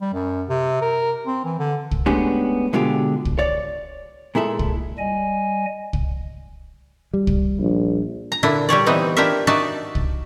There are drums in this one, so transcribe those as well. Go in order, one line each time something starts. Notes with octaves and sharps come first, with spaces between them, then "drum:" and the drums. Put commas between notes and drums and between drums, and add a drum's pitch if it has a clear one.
G3
F#2
C3
A#4
C4
E3
D3
drum: kick
G#3 A3 B3 C#4 D4 G4
B2 D3 G#3 F4 G4
drum: kick
C#5 D5
A#2 G#3 E4 A4
drum: kick
G3 D#5 G#5
drum: kick
G3
drum: kick
A#1
A#5
A#2 D3 D4 E4
G3 G4 C#5 D5
E3 B3 C4 D#4
D4 E4 F4 G4 A#4 E5
D4 D#4 F#4 D5 E5 A5
drum: kick